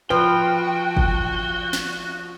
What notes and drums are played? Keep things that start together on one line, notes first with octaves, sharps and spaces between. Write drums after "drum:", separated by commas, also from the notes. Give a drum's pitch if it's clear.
F3 F#4 B4 G5
drum: kick
drum: snare